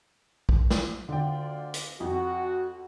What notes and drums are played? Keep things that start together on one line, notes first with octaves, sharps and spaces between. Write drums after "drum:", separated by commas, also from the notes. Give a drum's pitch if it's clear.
drum: kick
drum: snare
D2 D3 F4 D5 G5
drum: hi-hat
F2 F#4